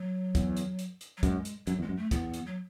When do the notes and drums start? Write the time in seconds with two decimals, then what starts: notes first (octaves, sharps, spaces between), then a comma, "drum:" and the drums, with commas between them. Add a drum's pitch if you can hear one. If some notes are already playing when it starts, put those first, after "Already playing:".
Already playing: F#3
0.35 E2, drum: kick, hi-hat
0.57 drum: hi-hat
0.79 drum: hi-hat
1.01 drum: hi-hat
1.17 F#3
1.23 F#2 G#3, drum: kick, hi-hat
1.45 drum: hi-hat
1.67 F#2 F#3, drum: hi-hat
1.79 E2
1.82 G#3
1.89 F#2
1.97 A3
2.11 E2 B3, drum: kick, hi-hat
2.34 drum: hi-hat
2.46 F#3